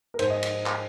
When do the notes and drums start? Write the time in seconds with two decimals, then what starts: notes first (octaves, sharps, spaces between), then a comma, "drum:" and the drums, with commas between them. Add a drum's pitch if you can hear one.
0.14 A#4
0.19 G#2 C5, drum: cymbal
0.30 D#5
0.43 drum: cymbal
0.66 drum: clap